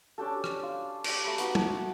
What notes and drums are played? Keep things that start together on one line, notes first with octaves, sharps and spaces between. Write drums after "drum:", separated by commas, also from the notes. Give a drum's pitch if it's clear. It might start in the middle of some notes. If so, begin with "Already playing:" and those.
C#4 D4 G4 A4
drum: rim click
F4
G4 C#5 D5, drum: cymbal
A3 A#5 B5
B3 D#4 F#4, drum: hi-hat
E5 A5, drum: tom